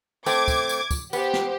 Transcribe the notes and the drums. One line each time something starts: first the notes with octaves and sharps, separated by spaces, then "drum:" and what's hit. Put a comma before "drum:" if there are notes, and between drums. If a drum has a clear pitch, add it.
A3 C4 D6 G#6, drum: tambourine
drum: kick, tambourine
drum: tambourine
drum: kick, tambourine
B3 G4 C5, drum: tambourine
drum: snare